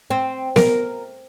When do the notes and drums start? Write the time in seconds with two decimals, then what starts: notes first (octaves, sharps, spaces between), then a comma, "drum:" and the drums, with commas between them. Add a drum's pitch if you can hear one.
0.10 C4
0.56 A#4, drum: snare B3